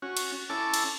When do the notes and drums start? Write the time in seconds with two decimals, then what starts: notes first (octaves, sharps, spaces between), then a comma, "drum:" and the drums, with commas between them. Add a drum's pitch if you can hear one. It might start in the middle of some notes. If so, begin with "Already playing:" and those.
0.02 C#4 F#4
0.17 drum: cymbal
0.50 C#4 E4 A4 A5 D6
0.74 drum: cymbal